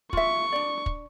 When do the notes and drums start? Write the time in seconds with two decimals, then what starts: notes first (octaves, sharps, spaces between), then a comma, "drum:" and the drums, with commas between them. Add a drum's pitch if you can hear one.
0.13 F4 E5 C#6, drum: kick
0.53 D4 D5
0.86 drum: kick